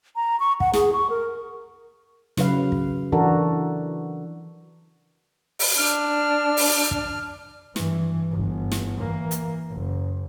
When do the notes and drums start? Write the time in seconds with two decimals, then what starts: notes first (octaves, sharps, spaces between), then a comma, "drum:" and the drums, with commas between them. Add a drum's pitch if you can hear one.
0.16 A#5
0.40 C#6
0.60 F#5, drum: kick
0.73 G#4, drum: snare
0.93 C#6
1.10 A#4
2.37 C#3 F#3 B4 F5, drum: snare
2.72 drum: kick
3.12 E3 D4 F#4 A4 A#4
5.59 drum: open hi-hat
5.78 D4 F6
6.57 drum: open hi-hat
6.91 drum: kick
7.76 G2 E3, drum: snare
8.32 G1
8.72 drum: snare
9.00 E3 A#3
9.31 drum: hi-hat
9.71 F#1